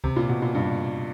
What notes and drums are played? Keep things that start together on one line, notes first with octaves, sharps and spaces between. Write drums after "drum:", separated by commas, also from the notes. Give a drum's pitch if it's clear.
C3, drum: kick C#2
A#2
B2
A#2
G2